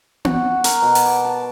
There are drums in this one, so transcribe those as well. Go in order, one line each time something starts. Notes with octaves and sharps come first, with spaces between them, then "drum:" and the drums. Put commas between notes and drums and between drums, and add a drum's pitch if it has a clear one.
F#4, drum: tom B3
A#4, drum: hi-hat
B2
drum: open hi-hat
D6
A5